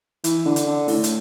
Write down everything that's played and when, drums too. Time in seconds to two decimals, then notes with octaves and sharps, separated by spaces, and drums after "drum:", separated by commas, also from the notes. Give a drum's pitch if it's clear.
0.24 E3, drum: hi-hat
0.45 D3
0.56 drum: hi-hat
0.66 D3
0.88 A2, drum: open hi-hat
1.04 drum: hi-hat